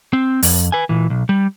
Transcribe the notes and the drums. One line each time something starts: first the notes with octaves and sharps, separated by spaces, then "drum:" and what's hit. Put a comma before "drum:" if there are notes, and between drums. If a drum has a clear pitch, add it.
C4
F2, drum: open hi-hat
B4 G#5
A#2 E3
B1
G3